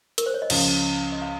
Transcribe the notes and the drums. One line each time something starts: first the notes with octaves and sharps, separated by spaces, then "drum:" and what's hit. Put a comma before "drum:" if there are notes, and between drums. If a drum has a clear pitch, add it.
A#4, drum: hi-hat
C5
C#5
D#5
C#2 C#3 F3 F5, drum: cymbal
D#5
F5